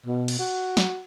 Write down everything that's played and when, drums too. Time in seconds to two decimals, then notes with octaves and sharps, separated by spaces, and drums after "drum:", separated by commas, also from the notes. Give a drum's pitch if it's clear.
0.06 B2
0.28 drum: cymbal
0.39 F#4
0.77 drum: snare